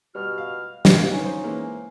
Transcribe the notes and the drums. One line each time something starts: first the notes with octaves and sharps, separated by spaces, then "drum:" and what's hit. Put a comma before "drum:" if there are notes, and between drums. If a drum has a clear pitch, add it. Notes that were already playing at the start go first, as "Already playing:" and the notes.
B2 G3 F#4 F6
F5
drum: snare
D3 A#3 B3
C#4 D#4
C5
E3 G#3 A#3